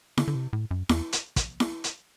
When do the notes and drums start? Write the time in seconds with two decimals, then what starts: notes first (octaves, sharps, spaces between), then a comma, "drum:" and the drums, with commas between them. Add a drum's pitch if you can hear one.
0.18 D3, drum: snare E4
0.28 D3
0.35 C3
0.53 A2
0.71 F#2
0.89 E2, drum: snare E4
1.13 drum: hi-hat
1.36 drum: kick, hi-hat
1.60 drum: snare E4
1.84 drum: hi-hat